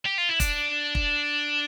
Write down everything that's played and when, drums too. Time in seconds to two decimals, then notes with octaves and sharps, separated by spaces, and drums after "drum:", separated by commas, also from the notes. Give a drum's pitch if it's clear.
0.06 G4
0.18 F4
0.29 E4
0.40 D4, drum: kick, hi-hat
0.95 drum: kick